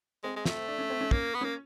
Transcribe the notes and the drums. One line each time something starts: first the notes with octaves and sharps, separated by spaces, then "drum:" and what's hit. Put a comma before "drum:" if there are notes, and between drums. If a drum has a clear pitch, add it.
G#3 C4
G#3
A3, drum: snare
D4
C#4
C4
C#4
A#3 C#4, drum: kick
B3
A#3 C#4